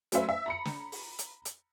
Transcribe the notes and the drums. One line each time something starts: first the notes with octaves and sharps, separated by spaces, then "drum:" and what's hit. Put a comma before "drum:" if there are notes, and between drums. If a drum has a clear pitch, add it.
F#3 A3 C#4 B4 C5 E5, drum: hi-hat
E5
A#5 B5 C#7
drum: snare
drum: open hi-hat
drum: hi-hat
drum: hi-hat